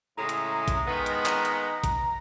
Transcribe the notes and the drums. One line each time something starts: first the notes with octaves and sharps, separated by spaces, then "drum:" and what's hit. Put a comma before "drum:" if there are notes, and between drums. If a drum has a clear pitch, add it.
A2 C#3 G#3 A#5
drum: hi-hat
drum: kick, hi-hat
D#3 G#3 B3
drum: hi-hat
drum: clap
drum: hi-hat
drum: kick, hi-hat